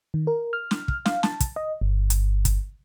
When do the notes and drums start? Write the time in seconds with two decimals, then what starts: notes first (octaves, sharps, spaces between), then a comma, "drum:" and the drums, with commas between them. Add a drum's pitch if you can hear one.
0.14 D#3
0.27 A#4
0.53 F6
0.71 drum: snare
0.88 drum: kick
1.06 F5, drum: snare
1.23 A5, drum: snare
1.40 drum: kick, hi-hat
1.56 D#5
1.81 G1
2.10 drum: hi-hat
2.45 drum: kick, hi-hat